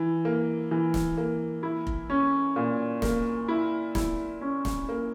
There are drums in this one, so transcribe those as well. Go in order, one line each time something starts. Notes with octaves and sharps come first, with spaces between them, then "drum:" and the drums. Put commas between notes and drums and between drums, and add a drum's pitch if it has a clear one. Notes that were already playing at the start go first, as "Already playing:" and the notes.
Already playing: E3
A#3
E3
drum: snare
A#3
E4
drum: kick F1
C#4
A#2
A#3, drum: snare
E4
E4, drum: snare
C#4
drum: snare
A#3